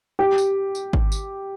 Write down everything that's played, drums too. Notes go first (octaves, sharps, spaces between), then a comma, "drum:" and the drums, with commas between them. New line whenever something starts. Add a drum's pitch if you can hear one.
G4
drum: tambourine
drum: tambourine
drum: kick G#1
drum: tambourine